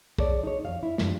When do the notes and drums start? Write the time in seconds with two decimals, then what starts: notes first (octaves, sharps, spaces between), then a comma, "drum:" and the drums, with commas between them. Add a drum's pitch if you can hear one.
0.18 G#4 A4 C#5 D5, drum: kick
0.43 D#4 C#5
0.65 F2 F5
0.83 E4
0.98 G2 A#2 D#3 F3, drum: snare